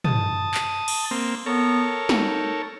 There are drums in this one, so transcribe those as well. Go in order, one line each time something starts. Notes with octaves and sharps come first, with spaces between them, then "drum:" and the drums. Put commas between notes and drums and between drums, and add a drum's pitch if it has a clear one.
A5 D#6, drum: tom
drum: clap
drum: cymbal
A#3 C4
B3 A4 A#4 C#5
D#4, drum: snare